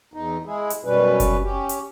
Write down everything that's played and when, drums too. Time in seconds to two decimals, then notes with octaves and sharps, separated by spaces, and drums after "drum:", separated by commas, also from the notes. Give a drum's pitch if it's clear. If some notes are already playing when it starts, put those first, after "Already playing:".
0.14 E2 D#4
0.46 G#3 E4 G#4
0.70 drum: hi-hat
0.85 F#2 B2 G3 C#4 B4
1.20 drum: kick F#1, hi-hat
1.43 C#4 G4
1.69 drum: hi-hat